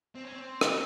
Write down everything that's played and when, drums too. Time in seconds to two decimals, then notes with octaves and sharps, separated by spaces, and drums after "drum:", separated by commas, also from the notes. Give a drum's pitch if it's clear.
0.15 C4
0.23 C#4
0.33 C4
0.61 drum: rim click